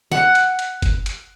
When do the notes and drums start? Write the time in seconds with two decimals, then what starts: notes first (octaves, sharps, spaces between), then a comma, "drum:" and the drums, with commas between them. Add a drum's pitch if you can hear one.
0.12 F#5, drum: snare
0.35 drum: hi-hat
0.59 drum: hi-hat
0.82 drum: kick F#1, hi-hat
1.06 drum: hi-hat